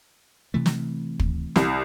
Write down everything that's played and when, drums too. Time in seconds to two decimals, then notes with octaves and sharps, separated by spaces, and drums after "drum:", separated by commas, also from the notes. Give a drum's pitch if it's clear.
0.54 C3 E3 A3
0.66 drum: snare
1.20 drum: kick
1.56 C2, drum: snare